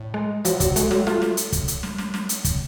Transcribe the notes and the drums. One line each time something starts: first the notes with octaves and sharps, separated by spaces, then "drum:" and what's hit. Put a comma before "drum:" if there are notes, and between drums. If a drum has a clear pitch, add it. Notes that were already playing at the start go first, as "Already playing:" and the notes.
Already playing: A2
G#3
F3 F#3, drum: hi-hat
F#3, drum: kick, hi-hat
G#3 A3, drum: hi-hat
F#3, drum: snare
A3 F4, drum: snare
drum: snare
drum: hi-hat
drum: kick, hi-hat
drum: hi-hat
drum: snare
drum: snare
drum: snare
drum: hi-hat
drum: kick, hi-hat